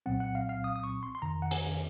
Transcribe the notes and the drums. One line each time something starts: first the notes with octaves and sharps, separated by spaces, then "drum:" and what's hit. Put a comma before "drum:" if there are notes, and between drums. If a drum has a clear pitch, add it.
C2 A#2 F#3 C4 F#5
F#5
F5
F5
D#6
D#6
C#6
C6
C6
F2 C3 D#3 A#5
F#5
G#5, drum: hi-hat